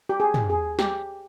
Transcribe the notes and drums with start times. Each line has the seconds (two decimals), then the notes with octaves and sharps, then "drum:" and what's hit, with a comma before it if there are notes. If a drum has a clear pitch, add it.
0.09 G4
0.20 G#4
0.34 drum: tom
0.50 G#4
0.79 G4, drum: snare